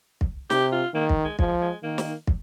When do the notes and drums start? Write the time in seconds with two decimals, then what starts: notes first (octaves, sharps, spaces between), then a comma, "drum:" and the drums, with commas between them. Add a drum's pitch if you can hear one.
0.21 drum: kick
0.50 C3 G4, drum: snare
0.72 F4
0.94 D#3 A#3
1.09 drum: kick
1.25 G#3
1.39 F3 G#3, drum: kick
1.61 G#3
1.83 D#3 A#3
1.98 drum: snare
2.27 drum: kick